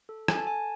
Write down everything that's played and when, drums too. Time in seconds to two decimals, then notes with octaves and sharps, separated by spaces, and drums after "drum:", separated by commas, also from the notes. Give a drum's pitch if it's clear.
0.09 A4
0.28 A4 G#5, drum: rim click
0.37 A5
0.47 A4 G#5